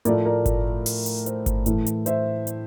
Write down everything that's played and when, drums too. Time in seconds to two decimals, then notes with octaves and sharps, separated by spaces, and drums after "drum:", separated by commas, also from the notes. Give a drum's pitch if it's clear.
0.05 A2 F3 A3 A#4 D5, drum: hi-hat
0.25 A#4 D5
0.46 drum: kick G1, hi-hat
0.86 drum: open hi-hat
1.06 drum: hi-hat
1.26 C5, drum: hi-hat
1.46 drum: kick G1, hi-hat
1.66 A2 E3 A3, drum: hi-hat
1.86 drum: hi-hat
2.06 C5 E5, drum: hi-hat
2.47 drum: hi-hat